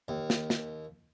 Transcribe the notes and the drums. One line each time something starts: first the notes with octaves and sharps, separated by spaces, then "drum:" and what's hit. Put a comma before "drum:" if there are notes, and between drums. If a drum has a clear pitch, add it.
D#2
drum: snare
drum: snare